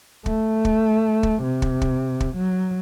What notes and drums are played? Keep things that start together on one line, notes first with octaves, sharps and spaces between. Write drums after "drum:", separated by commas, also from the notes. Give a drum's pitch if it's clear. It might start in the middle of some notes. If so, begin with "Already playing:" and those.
A3, drum: kick
drum: kick
drum: kick
C3
drum: kick
drum: kick
drum: kick
F#3